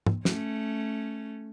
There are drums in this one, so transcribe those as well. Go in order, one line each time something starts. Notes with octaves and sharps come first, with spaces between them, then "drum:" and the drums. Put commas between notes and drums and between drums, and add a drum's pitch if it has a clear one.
drum: tom G#2
A3 C#4, drum: snare